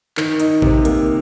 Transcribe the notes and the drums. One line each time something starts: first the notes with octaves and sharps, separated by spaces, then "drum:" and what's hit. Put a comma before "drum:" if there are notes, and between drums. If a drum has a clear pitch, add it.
D#3, drum: clap
D#4, drum: hi-hat
C3, drum: kick A1
A#3, drum: hi-hat